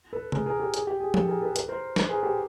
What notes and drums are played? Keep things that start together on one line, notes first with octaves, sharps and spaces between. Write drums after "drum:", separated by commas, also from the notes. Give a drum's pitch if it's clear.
A4 B4
G#4 A#4, drum: tom C3
G#4 A#4
G4 A4
G#4, drum: hi-hat
G4
G#4
G4 A4, drum: tom F3
G#4 A#4
A4 B4
A4 B4, drum: hi-hat
A#4 C5
A4 B4, drum: snare
G#4 A#4
G4 A4